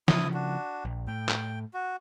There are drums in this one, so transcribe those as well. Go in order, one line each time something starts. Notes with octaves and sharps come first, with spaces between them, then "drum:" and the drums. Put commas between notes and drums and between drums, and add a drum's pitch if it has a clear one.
C#3 F3 E4 D#6, drum: snare
D4 F#4
A#1
A2 G5
drum: clap
F#4